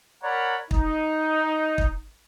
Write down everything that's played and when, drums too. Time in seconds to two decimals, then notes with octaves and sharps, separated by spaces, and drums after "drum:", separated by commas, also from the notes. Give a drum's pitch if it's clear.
0.24 A#4 C#5 D5 F#5 A#5 B5
0.71 D#4, drum: kick
1.78 drum: kick